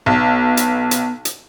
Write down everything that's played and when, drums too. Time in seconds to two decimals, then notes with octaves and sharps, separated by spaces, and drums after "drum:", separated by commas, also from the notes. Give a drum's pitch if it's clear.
0.06 B1 B3
0.57 drum: hi-hat
0.91 drum: hi-hat
1.25 drum: hi-hat